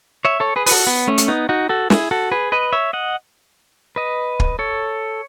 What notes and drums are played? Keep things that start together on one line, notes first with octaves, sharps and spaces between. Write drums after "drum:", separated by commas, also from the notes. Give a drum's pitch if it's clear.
C#5 E5
A4 C#5
G#4 B4
B4, drum: open hi-hat
F#4 A4
B3
A3 C#4
drum: hi-hat
B3 D#4
D#4 F#4
F#4 A4
E4 G#4, drum: snare
F#4 A4
G#4 B4
B4 D#5
C#5 E5
D#5 F#5
B4 D#5
drum: kick
A4 C#5